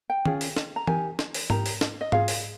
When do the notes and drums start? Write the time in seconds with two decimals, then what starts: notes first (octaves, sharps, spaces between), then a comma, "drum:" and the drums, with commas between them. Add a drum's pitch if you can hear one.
0.10 G5
0.26 C#4 F4 G#4, drum: tom D#3
0.41 drum: open hi-hat
0.57 drum: snare
0.76 A#5
0.87 D#4 G4 A#4 G#5, drum: tom E3
1.19 drum: snare
1.34 drum: open hi-hat
1.50 D#4 G4 A#4 A#5, drum: tom G#2
1.66 drum: open hi-hat
1.81 drum: snare
2.01 D#5
2.12 F4 G#4 F5, drum: tom G#2
2.28 drum: open hi-hat